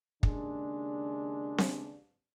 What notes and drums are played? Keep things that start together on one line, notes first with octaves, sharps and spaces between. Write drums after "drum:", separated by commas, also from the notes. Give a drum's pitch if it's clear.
D#2 C#3 G#3 D4, drum: kick
drum: snare C4